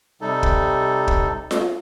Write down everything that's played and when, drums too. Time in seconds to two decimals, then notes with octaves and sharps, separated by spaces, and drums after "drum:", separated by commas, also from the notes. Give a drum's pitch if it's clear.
0.21 C3 G3 D#4 A4
0.43 drum: kick
1.08 drum: kick
1.51 drum: snare F4